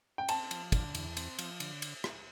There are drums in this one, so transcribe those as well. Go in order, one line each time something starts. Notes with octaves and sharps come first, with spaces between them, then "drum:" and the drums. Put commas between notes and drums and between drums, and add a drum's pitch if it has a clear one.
G5
C4 A5, drum: cymbal
F3, drum: cymbal
D3, drum: kick, cymbal
E2, drum: cymbal
C4, drum: cymbal
F3, drum: cymbal
D3, drum: cymbal
drum: cymbal
drum: rim click